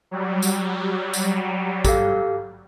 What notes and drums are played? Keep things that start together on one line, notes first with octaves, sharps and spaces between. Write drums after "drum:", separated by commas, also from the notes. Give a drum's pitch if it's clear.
F#3 G3
drum: tambourine
drum: tambourine
G4 A4 F5, drum: kick, tambourine